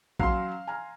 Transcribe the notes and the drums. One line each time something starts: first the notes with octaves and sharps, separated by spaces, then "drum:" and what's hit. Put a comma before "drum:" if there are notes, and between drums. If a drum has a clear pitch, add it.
F#3 C#4 F5 C6, drum: kick A#1
G#5 A#5 F6